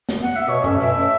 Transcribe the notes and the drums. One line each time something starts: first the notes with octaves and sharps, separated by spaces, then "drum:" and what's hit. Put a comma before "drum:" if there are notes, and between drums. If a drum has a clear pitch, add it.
drum: snare
F#5
E5
B2 C#5
A3 C#4 E5, drum: tom F#2
B2 E5
A3 C#4